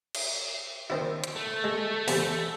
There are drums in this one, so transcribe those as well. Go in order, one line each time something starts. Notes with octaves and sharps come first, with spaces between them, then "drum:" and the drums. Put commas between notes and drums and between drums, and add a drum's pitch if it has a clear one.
drum: cymbal
D#3 C4 E4
drum: hi-hat
A3
G#3
E2 C3, drum: open hi-hat